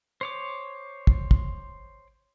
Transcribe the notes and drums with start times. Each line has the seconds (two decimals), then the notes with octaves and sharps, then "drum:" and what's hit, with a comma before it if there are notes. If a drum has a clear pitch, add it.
0.21 C5 C#5 D6
1.07 drum: kick
1.31 drum: kick